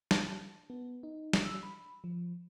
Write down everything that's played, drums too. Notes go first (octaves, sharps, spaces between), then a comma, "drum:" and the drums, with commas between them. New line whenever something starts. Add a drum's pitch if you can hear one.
A5, drum: snare
B3
D#4
drum: snare
E6
B5
F3